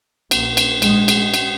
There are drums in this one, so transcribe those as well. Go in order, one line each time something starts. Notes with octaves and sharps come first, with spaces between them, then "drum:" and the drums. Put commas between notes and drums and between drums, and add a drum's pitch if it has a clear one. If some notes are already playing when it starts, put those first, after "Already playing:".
A#1 A#2 A#3, drum: cymbal
drum: cymbal
A#1 G#2 G#3, drum: cymbal
drum: cymbal
drum: cymbal